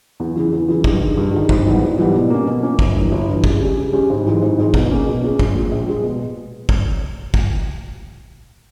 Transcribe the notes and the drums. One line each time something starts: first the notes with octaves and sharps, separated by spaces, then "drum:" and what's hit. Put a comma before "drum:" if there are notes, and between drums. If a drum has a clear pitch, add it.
E2
C#3 E3
E2
C#3 E3
G2, drum: kick
D#3 G#3
G2
D#3 G#3
G#1, drum: kick
G#2 E3 G3 B3
G#1
G#2 E3 G3 B3
B2
A#3 C#4
B2
A#3 C#4
G1, drum: kick
G2
E3
G1
G2 E3
C#3, drum: kick
G#3 C#4 G4
C#3
G#3 C#4 G4
G#1
G#2 E3 G#3
G#1
G#2 E3 G#3
B2, drum: kick
A#3 C#4 G#4
B2
A#3 C#4 G#4
A#1, drum: kick
A#2 G#3
A#1
A#2 G#3
B2
drum: kick
drum: kick